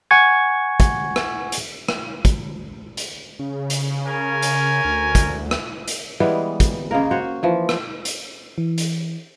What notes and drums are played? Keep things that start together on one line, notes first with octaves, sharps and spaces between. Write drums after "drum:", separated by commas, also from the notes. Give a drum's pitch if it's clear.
F#5 G#5 C#6 G#6
drum: kick, hi-hat
drum: rim click
drum: hi-hat
drum: rim click
drum: kick, hi-hat
drum: hi-hat
C#3
drum: hi-hat
C#4 A#4 G#5
drum: hi-hat
D2
drum: kick, hi-hat
drum: rim click
drum: hi-hat
E3 G3 G#3 B3
drum: kick, hi-hat
C#3 G#3 A#3 A#4
F#4 C5 C#5
E3 F3
drum: rim click
drum: hi-hat
E3
drum: hi-hat